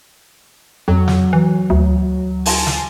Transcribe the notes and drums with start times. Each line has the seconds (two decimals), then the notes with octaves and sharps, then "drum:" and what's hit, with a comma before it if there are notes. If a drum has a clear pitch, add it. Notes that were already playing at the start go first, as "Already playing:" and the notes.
0.88 F2 F#3
1.08 drum: snare
1.33 E3
1.70 D2
2.46 G#5 A5 C6, drum: open hi-hat
2.67 drum: snare